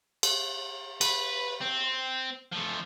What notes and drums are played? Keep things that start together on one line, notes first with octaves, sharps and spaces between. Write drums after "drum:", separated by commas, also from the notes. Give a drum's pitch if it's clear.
drum: cymbal
B4, drum: cymbal
C4
F3 A3